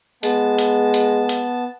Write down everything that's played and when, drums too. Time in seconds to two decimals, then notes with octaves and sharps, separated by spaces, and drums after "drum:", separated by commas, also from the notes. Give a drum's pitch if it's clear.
0.23 G#3 B3 A5, drum: hi-hat
0.59 drum: hi-hat
0.94 drum: hi-hat
1.29 drum: hi-hat